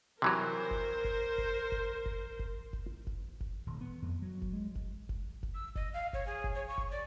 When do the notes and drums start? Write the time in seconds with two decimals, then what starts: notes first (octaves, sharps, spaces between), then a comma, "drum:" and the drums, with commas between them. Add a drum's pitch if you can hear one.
0.22 C3 E3 F#3 A#4 C5
0.71 drum: kick F1
1.04 drum: kick F1
1.38 drum: kick F1
1.72 drum: kick F1
2.06 drum: kick F1
2.39 drum: kick F1
2.73 drum: kick F1
3.07 drum: kick F1
3.40 drum: kick F1
3.67 D#1
3.81 B3
4.02 F2
4.22 F#3
4.42 drum: kick F1
4.52 G#3
4.75 drum: kick F1
5.09 drum: kick F1
5.43 drum: kick F1
5.54 E6
5.75 D#5, drum: kick F1
5.93 F5
6.13 C#5, drum: kick F1
6.26 G#4
6.44 drum: kick F1
6.55 C#5
6.68 C#6
6.78 drum: kick F1
6.91 D5